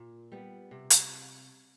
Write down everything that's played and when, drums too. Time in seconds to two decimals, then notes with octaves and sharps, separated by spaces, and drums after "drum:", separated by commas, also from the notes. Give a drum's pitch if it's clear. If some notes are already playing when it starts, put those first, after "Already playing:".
Already playing: A#2
0.32 G3 B3
0.71 C3
0.90 drum: hi-hat